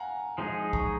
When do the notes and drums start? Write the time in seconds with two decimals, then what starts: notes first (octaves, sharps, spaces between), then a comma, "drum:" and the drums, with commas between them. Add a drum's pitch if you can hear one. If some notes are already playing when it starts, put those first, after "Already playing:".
Already playing: F5 F#5 G#5 A#5
0.38 F3 G#3 D#4 G#4
0.73 A#5 C#6, drum: kick